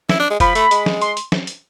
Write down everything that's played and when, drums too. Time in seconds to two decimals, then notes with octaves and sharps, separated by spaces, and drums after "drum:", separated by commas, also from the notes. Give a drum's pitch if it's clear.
0.09 E4, drum: snare
0.20 D4
0.30 G#3
0.40 F3 B5, drum: kick F#1, hi-hat
0.55 A3, drum: hi-hat
0.71 G#3, drum: hi-hat
0.86 drum: snare
1.01 C6, drum: hi-hat
1.17 drum: hi-hat
1.32 drum: snare
1.47 drum: hi-hat